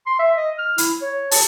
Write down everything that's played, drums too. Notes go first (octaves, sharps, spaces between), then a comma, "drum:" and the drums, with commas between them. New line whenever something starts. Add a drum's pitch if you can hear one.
C6
E5
D#5
F6
E4, drum: hi-hat
C#5
A5, drum: open hi-hat